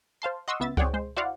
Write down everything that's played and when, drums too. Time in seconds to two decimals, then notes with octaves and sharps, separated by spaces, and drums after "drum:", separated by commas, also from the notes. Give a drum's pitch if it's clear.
0.22 C5 F5 A5 C6
0.48 D#5 F#5 C6 C#6 D#6 E6
0.60 C#2 B3 E5 A6
0.77 C4 G#4 C#5 D5 F#5 G5, drum: kick C#2
0.94 G#3 C5
1.16 E4 F#4 C5 D5 F5 F#5